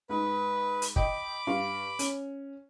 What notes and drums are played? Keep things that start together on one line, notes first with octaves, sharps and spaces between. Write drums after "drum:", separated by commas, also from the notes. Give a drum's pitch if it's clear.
G#2 B4
drum: hi-hat
D#5 G5 B5 D6, drum: kick
G2 F5 C#6
C#4, drum: hi-hat